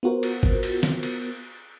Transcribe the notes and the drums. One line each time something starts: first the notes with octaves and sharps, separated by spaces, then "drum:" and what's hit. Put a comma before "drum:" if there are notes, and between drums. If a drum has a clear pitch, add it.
B3 F4 F#4 A#4 C5
drum: cymbal
drum: kick G1
drum: cymbal
drum: snare
drum: cymbal